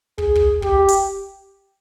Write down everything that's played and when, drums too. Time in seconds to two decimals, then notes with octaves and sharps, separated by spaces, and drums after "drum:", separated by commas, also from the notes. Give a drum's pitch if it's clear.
0.18 G#4, drum: kick
0.35 drum: kick
0.62 G4, drum: kick
0.88 drum: hi-hat